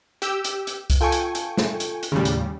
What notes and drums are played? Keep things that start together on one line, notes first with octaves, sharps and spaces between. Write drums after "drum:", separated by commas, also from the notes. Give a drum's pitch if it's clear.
G4 E6 G6, drum: hi-hat
drum: hi-hat
drum: hi-hat
drum: kick C2, hi-hat
F4 A4 G5 G#5 C#6
drum: hi-hat
drum: hi-hat
drum: snare
drum: hi-hat
drum: hi-hat
D#2 A2 C#3 G3
drum: hi-hat